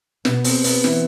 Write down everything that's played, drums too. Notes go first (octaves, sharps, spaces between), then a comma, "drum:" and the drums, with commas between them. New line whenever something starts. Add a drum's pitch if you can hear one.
B2 B3, drum: snare
C4, drum: open hi-hat
B3, drum: open hi-hat
E3, drum: snare